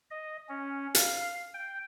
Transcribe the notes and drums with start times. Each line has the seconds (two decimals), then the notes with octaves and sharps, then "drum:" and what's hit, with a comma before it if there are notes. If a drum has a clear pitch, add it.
0.11 D#5
0.49 C#4
0.95 F5, drum: hi-hat
1.54 G5